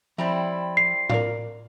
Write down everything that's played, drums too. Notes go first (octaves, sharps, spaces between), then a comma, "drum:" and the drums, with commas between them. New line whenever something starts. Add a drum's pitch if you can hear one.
F3 G3 C4 E4 A#5
C7
A#4 D5 F5, drum: tom A2